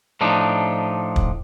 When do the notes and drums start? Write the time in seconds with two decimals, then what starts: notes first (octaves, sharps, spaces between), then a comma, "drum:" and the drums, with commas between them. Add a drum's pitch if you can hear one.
0.21 A2 F3 D4 D#4
1.16 drum: kick